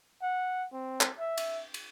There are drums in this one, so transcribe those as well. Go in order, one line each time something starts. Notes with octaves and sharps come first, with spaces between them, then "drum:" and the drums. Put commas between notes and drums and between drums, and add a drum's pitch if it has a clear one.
F#5
C4
drum: clap
E5
drum: cymbal
drum: cymbal